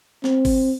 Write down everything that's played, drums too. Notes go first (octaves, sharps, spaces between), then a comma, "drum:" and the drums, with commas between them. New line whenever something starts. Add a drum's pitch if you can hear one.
C4, drum: snare
drum: kick, open hi-hat